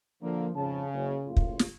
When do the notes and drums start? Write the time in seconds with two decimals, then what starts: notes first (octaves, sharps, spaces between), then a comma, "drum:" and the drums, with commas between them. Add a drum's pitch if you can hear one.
0.22 D3 F3 A#3
0.56 F2 G#2 C#3 A5
0.92 F#1 C#4
1.25 F#1 A2 F4
1.36 drum: kick
1.59 drum: snare